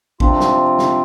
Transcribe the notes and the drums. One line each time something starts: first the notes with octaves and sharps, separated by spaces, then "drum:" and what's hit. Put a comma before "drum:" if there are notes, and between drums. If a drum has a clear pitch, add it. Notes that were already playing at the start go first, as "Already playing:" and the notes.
C3 F3 C4 D4 F4, drum: kick
drum: snare
drum: snare